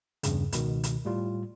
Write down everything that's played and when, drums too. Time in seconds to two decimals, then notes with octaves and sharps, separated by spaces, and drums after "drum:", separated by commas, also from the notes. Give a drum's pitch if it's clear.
0.23 E2 G2 C#3, drum: hi-hat
0.52 C#2 B2 D#3, drum: hi-hat
0.84 drum: hi-hat
1.05 A2 G3 F4